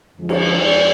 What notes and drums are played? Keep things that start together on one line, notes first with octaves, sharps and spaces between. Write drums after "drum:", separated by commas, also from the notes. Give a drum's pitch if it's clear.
F2 D3 F3 G#3
drum: cymbal
F2 F3 G#3 D5